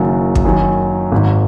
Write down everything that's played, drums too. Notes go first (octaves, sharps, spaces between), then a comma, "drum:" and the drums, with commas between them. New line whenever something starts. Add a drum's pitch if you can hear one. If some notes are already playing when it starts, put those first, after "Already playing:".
Already playing: F#1 F#2 D#3 F#3
drum: kick
F#2 D#3 F#3
G#1 G#2 D#3